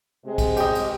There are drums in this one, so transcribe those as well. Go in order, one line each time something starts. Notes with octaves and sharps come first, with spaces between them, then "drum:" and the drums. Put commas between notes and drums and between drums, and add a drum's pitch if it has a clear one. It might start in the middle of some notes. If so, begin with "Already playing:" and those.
C3 G#3
drum: kick, cymbal
G4 D#5, drum: cymbal
drum: cymbal